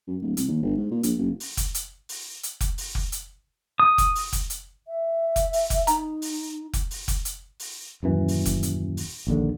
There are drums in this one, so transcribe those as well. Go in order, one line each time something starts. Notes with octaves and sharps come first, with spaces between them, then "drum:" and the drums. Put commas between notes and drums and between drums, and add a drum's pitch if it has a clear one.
F#2
D1
C2, drum: hi-hat
D#2
G1
G#2
A#2
A#1, drum: hi-hat
F#1
drum: open hi-hat
drum: kick F1, hi-hat
drum: hi-hat
drum: open hi-hat
drum: hi-hat
drum: kick F1, hi-hat
drum: open hi-hat
drum: kick F1
drum: hi-hat
D#6
drum: kick F1, hi-hat
drum: open hi-hat
drum: kick F1, hi-hat
drum: hi-hat
E5
drum: kick F1, hi-hat
drum: open hi-hat
drum: kick F1, hi-hat
D#4 A#5, drum: hi-hat
drum: open hi-hat
drum: kick F1, hi-hat
drum: open hi-hat
drum: kick F1, hi-hat
drum: hi-hat
drum: open hi-hat
D#1 F#2 E3
drum: open hi-hat
drum: kick F1, hi-hat
drum: hi-hat
drum: open hi-hat
A#1 D#2 D3